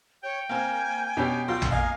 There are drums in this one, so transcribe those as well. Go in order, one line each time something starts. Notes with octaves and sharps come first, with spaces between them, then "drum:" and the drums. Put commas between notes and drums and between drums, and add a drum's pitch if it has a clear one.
C#5 G5
A#3 C4 G#5
B2 C#4 D4 G4
D2 F#3 F4 C6
drum: tom
A#3 D#5 F5 G#5